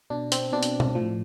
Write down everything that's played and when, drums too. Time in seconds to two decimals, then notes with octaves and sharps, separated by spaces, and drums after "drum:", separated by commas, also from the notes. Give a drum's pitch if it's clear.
0.10 B2 D4
0.32 C4, drum: hi-hat
0.52 B2 D4
0.63 drum: hi-hat
0.80 drum: tom B2
0.95 A2 F3